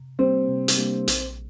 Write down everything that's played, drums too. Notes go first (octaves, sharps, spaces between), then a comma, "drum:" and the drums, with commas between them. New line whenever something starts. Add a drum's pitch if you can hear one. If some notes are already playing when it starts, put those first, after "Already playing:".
Already playing: C3
G3 A#3 C4 D4 G4
C3
drum: hi-hat
G3 A#3 D4 G4
A#1, drum: hi-hat